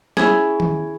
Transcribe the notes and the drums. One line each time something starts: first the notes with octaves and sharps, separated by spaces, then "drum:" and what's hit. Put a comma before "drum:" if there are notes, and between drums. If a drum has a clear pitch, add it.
C#4 E4 G#4, drum: snare
drum: tom D#3